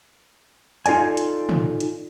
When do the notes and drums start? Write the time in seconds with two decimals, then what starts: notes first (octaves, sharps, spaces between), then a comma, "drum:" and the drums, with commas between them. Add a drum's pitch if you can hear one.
0.86 D#4 F4 A4 D5 G#5, drum: hi-hat
1.17 drum: hi-hat
1.49 drum: tom
1.80 drum: hi-hat